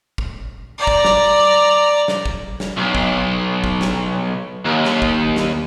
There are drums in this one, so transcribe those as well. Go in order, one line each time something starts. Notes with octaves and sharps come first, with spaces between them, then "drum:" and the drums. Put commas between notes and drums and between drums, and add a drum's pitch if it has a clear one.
drum: kick
D5 A#5
drum: kick
drum: snare
drum: snare
drum: kick
drum: snare
B1
drum: kick
drum: kick
drum: snare
D#2
drum: snare
drum: kick
drum: snare